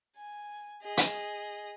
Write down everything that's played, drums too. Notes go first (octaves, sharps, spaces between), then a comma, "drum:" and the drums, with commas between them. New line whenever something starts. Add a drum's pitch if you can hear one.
G#5
G#4 D#5
drum: hi-hat